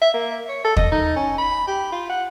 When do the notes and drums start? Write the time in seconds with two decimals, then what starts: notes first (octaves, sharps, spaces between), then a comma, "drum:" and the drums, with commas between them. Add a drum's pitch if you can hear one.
0.02 E5
0.14 A#3
0.49 C#5
0.64 A4
0.77 D#5, drum: kick
0.92 D#4
1.16 C#4
1.38 B5
1.67 G4
1.92 F4
2.09 F#5